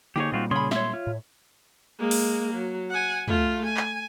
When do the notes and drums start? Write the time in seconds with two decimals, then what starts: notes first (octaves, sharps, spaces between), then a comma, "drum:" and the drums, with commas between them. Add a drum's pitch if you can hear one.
0.16 D3 A#3 D#4 G4 G#4 C#5
0.32 A#2 G3 A#3 C4 F4 F#4
0.51 C#3 C#4 G#4 B5 C6
0.71 C#5 E5 C6, drum: snare
0.94 F4
1.07 A2
1.99 G#3 A#3
2.11 drum: open hi-hat
2.53 F#3
2.90 F#5 G#5
3.28 A3 F4, drum: tom
3.66 G#5
3.77 drum: clap